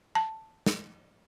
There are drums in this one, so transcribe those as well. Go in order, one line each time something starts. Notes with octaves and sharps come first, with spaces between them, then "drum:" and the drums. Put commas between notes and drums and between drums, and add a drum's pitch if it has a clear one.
A5
drum: snare